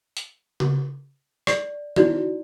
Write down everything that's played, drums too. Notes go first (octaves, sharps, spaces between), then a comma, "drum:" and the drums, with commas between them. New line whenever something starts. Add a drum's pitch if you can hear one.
drum: hi-hat
drum: tom C#3
D5, drum: rim click
D#4 E4 F#4 D5, drum: tom D#3